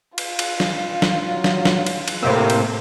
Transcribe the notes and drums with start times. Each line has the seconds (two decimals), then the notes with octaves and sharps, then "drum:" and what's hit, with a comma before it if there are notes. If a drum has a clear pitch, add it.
0.18 F4, drum: cymbal
0.39 drum: cymbal
0.60 drum: snare
1.02 drum: snare
1.28 F#3
1.44 drum: snare
1.65 drum: snare
1.86 drum: cymbal
2.08 drum: cymbal
2.23 A2 C3 A#3 C4
2.50 drum: cymbal